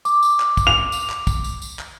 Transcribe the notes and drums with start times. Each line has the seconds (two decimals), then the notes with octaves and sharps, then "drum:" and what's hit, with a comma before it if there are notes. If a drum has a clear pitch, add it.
0.05 D6, drum: tambourine
0.23 drum: tambourine
0.40 drum: clap
0.57 drum: kick, tambourine
0.67 F7
0.92 drum: tambourine
1.10 drum: clap
1.27 drum: kick, tambourine
1.44 drum: tambourine
1.62 drum: tambourine
1.79 drum: clap